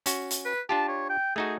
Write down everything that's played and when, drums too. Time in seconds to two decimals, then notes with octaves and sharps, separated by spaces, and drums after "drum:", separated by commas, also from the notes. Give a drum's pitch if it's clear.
0.06 C#4 F#4, drum: hi-hat
0.31 drum: hi-hat
0.45 B4
0.69 D4 F4 G4 A5
0.88 C#5
1.10 G5
1.36 A3 D#4 F#4 G#4